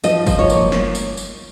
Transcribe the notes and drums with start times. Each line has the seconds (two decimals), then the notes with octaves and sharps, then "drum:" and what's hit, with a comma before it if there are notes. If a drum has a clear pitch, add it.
0.04 F3 D#5, drum: tambourine
0.27 F3, drum: kick F#1, tambourine
0.39 C#5
0.50 A#3, drum: tambourine
0.72 drum: snare
0.95 drum: tambourine
1.17 drum: tambourine